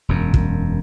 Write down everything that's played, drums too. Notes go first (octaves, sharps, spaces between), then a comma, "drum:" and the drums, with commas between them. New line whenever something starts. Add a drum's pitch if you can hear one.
E1 F#2
drum: kick